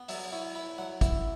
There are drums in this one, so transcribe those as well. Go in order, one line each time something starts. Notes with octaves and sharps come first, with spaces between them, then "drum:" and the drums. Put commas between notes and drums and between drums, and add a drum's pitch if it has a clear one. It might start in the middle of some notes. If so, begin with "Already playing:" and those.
Already playing: B3
F#3 E5, drum: open hi-hat
E4 C#6
E4 B5
F#3 F#5
E4 E5, drum: kick, hi-hat